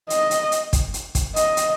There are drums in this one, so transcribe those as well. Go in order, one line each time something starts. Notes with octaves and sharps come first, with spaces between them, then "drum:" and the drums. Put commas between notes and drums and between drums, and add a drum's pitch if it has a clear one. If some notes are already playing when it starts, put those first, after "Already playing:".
D#5, drum: hi-hat
drum: hi-hat
drum: hi-hat
drum: kick, hi-hat
drum: hi-hat
drum: kick, hi-hat
D#5, drum: hi-hat
drum: hi-hat